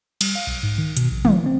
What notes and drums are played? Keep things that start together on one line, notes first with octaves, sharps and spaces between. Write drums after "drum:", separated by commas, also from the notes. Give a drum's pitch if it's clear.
G3, drum: cymbal
F5
B1
G#2
D#3
B2, drum: hi-hat
A#1
E3, drum: tom
C4